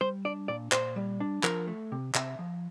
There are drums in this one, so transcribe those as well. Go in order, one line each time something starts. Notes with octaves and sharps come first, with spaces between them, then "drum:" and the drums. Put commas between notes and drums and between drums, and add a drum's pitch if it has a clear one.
G3 C5
D4 D5
A#2 D5
A#2 C5, drum: clap
G3
D4
F3 A#4, drum: clap
A3
C3
C3 E5, drum: clap
F3